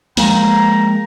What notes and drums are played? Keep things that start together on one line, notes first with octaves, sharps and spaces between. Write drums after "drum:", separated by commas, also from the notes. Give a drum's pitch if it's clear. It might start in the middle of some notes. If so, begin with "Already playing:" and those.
F3 G#3 A#3 G5 A#5, drum: open hi-hat